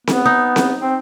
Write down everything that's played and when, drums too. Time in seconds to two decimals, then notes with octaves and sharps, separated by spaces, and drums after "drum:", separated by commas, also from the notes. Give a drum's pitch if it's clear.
0.07 B3, drum: snare C4
0.25 D#4
0.56 drum: snare C4
0.80 C4